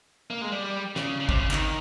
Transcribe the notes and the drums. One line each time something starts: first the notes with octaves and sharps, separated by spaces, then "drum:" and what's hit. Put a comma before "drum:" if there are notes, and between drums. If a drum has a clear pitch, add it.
A#3
G#3
G3
C#3, drum: snare
C#3
C3, drum: kick
C#3
D#3, drum: clap